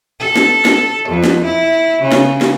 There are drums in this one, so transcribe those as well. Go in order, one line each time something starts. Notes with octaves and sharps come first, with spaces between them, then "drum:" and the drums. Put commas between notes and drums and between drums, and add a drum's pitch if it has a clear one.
A4
drum: snare
drum: snare
F2
drum: snare
E4
C#3
drum: snare
drum: snare